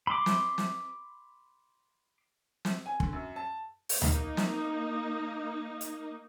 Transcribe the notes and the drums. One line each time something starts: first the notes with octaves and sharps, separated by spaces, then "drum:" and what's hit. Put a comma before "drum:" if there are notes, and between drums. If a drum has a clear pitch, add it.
B5 C6 D6
drum: snare
drum: snare
drum: snare
G#5
D3, drum: kick
F#2
A5
drum: open hi-hat
A#3 D#4, drum: tom D2
drum: snare
drum: hi-hat